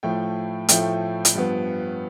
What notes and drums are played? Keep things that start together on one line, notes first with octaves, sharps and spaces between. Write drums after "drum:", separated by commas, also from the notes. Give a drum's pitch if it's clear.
A2 F3 A3 G5
A2 F3 A3 G5, drum: hi-hat
drum: hi-hat
G2 F3 B3